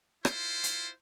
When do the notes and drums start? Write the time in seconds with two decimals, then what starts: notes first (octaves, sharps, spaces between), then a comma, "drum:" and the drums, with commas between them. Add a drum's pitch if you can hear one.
0.25 E4 F4 C5, drum: rim click
0.63 drum: hi-hat